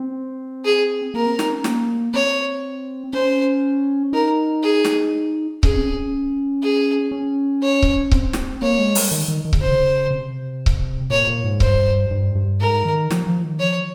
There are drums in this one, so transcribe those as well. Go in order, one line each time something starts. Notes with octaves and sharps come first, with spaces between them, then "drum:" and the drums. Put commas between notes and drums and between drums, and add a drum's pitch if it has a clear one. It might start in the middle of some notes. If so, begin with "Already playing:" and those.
Already playing: C4
G#4
A#3 A#4
C4
D#4, drum: snare
C#4
A#3, drum: snare
C4 C#5
C#4 C5
D#4 A#4
G#4
drum: snare
C#4 G#4, drum: kick C#1
C4
C#4
G#4
C#4
C#5
drum: kick C#1
C4, drum: kick C#1
drum: snare
A#3 C#5
G#3
G3, drum: open hi-hat
D#3
D#3
D#3
C#3, drum: kick C#1
C3 C5
C#3
C3
drum: kick C#1
A#2 C#5
A#2
G#2
G2 C5, drum: kick C#1
G2
G2
G#2 A#4
D#3
F3, drum: snare
F3
D#3
F3 C#5